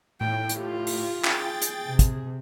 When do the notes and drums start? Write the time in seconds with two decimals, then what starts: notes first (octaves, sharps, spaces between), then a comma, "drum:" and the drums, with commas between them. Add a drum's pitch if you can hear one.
0.21 A2 G5
0.49 drum: hi-hat
0.60 F4 G4
0.87 drum: open hi-hat
1.24 G#4 G5 A6, drum: clap
1.62 drum: hi-hat
1.86 C3
1.99 drum: kick, hi-hat